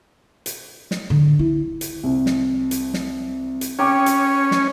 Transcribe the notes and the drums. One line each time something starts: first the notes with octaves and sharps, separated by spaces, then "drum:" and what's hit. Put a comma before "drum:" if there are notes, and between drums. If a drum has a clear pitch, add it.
drum: hi-hat
drum: snare
D3
E4
drum: hi-hat
C2
drum: snare
drum: hi-hat
drum: snare
drum: hi-hat
C#4 G5 D6
drum: hi-hat
drum: snare